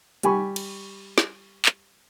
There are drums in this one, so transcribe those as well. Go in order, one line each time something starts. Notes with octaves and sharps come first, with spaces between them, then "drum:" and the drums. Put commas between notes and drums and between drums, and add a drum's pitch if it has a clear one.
G3 G4 G#5 B5 C#6, drum: hi-hat
drum: cymbal
drum: snare
drum: clap